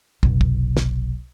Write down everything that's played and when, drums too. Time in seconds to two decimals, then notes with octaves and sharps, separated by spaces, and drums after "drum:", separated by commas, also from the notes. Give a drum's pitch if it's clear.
0.23 F1 B1, drum: kick
0.41 drum: kick
0.77 drum: snare